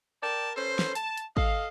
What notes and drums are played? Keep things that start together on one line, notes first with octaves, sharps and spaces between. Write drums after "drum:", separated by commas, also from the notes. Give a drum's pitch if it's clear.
A#4 D5 G5 A5
C#4 A4 B4 C5
drum: snare
A5, drum: hi-hat
drum: hi-hat
A4 D#5 F5, drum: kick G#1